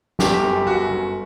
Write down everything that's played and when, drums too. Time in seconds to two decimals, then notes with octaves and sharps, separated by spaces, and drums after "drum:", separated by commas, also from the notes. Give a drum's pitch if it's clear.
0.19 G1 G4, drum: snare
0.43 F#2
0.67 G1 F#4
0.89 G1